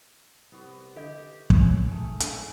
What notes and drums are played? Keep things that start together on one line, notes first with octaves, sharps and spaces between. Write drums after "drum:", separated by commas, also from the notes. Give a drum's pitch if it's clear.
C2 B3 F#4
D3 G4 D#5 G6
C#4 G5, drum: kick
G#2 A3 G#4 A#4
drum: hi-hat